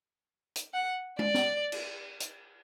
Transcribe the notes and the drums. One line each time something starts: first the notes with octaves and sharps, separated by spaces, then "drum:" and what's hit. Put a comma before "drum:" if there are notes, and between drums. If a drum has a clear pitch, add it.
drum: hi-hat
F#5
D5, drum: tom G#3
drum: snare
drum: cymbal
drum: hi-hat